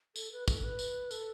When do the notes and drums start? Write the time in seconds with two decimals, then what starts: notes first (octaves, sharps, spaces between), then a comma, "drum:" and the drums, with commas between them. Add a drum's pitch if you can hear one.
0.16 A4, drum: tambourine
0.32 B4
0.48 A4, drum: kick, tambourine
0.63 B4
0.79 drum: tambourine
1.11 A4, drum: tambourine